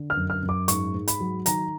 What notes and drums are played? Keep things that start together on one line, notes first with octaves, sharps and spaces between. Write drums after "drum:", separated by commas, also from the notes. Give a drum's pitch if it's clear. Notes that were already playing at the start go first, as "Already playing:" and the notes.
Already playing: D3
F6
F#2
F6
F#2
D6
G#2 C#6, drum: hi-hat
G#2
B5, drum: hi-hat
F#3
D#3 A#5, drum: hi-hat